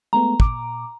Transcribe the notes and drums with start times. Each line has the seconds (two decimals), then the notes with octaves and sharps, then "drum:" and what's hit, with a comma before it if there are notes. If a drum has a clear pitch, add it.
0.13 G#3 A3 B3 A#5
0.40 A#2 D6, drum: kick